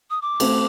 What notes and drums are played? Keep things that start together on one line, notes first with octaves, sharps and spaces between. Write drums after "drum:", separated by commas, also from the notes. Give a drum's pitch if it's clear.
D#6
D6
A3 C4, drum: cymbal